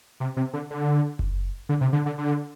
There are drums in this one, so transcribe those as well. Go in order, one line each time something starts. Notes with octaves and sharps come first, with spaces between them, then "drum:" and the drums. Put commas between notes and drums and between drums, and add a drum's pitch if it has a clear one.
C3
C3
D3
D3
drum: kick F#1
D3
C3
D3
D3
D3